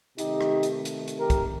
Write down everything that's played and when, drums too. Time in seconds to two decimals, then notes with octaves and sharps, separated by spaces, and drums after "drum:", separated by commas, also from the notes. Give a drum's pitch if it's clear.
0.18 C3 D#3 A3 D#4 G4, drum: hi-hat
0.41 drum: rim click
0.63 drum: hi-hat
0.85 drum: hi-hat
1.08 drum: hi-hat
1.19 G4 A#4
1.30 drum: kick, hi-hat